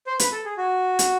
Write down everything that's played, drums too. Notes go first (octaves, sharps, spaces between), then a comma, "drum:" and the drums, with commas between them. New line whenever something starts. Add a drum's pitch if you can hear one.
C5
B4, drum: hi-hat
A4
G#4
F#4
drum: hi-hat